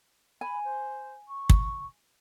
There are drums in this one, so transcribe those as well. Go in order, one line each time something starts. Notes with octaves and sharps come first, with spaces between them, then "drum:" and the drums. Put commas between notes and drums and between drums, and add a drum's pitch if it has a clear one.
G#5 B5
C5
C#6
drum: kick